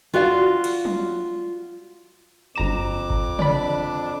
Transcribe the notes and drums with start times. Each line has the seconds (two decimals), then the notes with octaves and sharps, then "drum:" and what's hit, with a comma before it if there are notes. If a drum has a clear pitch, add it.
0.14 F4 F#4 D5 F5
0.64 drum: cymbal
0.85 drum: tom
2.56 G1 F2 A#5 D6 E7
3.10 drum: kick G1
3.39 D4 D5 B5, drum: tom